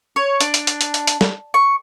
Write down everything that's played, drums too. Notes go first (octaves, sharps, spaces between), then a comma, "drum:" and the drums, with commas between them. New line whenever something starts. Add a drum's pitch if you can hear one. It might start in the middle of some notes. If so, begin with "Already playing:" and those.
C#5
D4, drum: hi-hat
drum: hi-hat
drum: hi-hat
drum: hi-hat
drum: hi-hat
drum: hi-hat
drum: snare
C#6